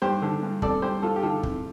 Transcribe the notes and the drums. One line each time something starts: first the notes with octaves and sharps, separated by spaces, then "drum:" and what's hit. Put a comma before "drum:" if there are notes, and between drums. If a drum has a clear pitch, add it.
G2 G4 C5
D3
G2
C4 A4 D5, drum: kick
G2 G4 C5
G2 F4 A4
G4
D3 F4 A4
C4, drum: kick